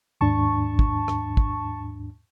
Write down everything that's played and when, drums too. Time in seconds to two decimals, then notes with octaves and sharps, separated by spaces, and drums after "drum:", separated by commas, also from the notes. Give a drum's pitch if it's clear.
0.21 D#2 G#2 D4 A5 C#6
0.79 drum: kick
1.08 drum: rim click
1.37 drum: kick